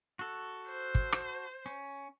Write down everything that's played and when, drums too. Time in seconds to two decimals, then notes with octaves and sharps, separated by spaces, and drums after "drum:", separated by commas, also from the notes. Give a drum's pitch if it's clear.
0.19 F#4 A4
0.69 C5
0.95 drum: kick
1.12 drum: rim click
1.66 C#4